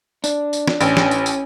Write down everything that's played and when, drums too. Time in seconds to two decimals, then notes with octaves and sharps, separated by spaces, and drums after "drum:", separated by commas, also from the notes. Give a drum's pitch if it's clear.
0.24 D4, drum: tambourine
0.53 drum: tambourine
0.68 drum: snare
0.81 A1 C#4, drum: tambourine
0.97 drum: snare
1.11 drum: tambourine
1.26 drum: tambourine